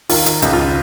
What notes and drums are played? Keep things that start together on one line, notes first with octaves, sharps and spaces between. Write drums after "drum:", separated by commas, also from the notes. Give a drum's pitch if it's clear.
D#3 F4, drum: open hi-hat
drum: hi-hat
C#2, drum: hi-hat
F4